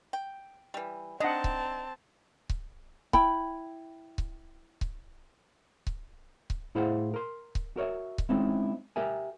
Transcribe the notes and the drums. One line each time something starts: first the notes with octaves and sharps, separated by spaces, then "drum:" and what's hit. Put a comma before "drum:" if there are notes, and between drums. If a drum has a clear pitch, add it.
G5
E3 G3
C4 D4 D#4 D#5 F#5 A5
drum: kick C#1
drum: kick C#1
E4 G5 B5, drum: kick C#1
drum: kick C#1
drum: kick C#1
drum: kick C#1
drum: kick C#1
A2 E4 G#4 C5 F5 F#5
A#4 C6
drum: kick C#1
F#4 A#4 C#5 D#5 E5
drum: kick C#1
G#3 C4 C#4 D#4 E4
G4 A#4 E5 G#5